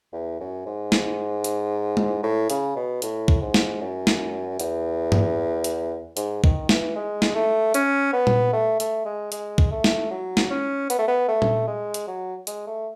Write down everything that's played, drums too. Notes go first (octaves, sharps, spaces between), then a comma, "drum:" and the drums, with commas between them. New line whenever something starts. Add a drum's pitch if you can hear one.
E2
F#2
G#2
drum: snare
drum: hi-hat
drum: tom G#3
A2
C#3, drum: hi-hat
B2
A2, drum: hi-hat
drum: kick B1
G#2
drum: snare
F#2
drum: snare
E2, drum: hi-hat
drum: tom G2
drum: hi-hat
G#2, drum: hi-hat
D#3, drum: kick B1
E3, drum: snare
G#3
drum: snare
A3
C#4, drum: hi-hat
B3
drum: tom A#2
A3
A3, drum: hi-hat
G#3
G#3, drum: hi-hat
drum: kick B1
A3
drum: snare
F#3
drum: snare
C#4
B3, drum: hi-hat
A3
B3
A3
drum: tom A#2
G#3
drum: hi-hat
F#3
G#3, drum: hi-hat
A3